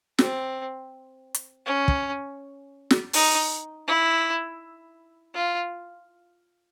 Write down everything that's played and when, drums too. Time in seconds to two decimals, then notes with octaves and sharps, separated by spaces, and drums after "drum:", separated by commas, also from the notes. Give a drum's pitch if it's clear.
0.19 C4, drum: snare
1.34 drum: hi-hat
1.66 C#4
1.88 drum: kick
2.91 drum: snare
3.13 D#4, drum: open hi-hat
3.87 E4
5.34 F4